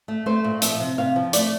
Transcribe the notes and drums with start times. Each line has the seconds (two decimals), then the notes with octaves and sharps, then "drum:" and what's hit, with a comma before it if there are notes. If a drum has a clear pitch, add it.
0.08 A3
0.26 A3 C5
0.44 A#2
0.62 F3 E5, drum: hi-hat
0.80 C3
0.98 C3 F5
1.16 F3
1.33 A3 D5, drum: hi-hat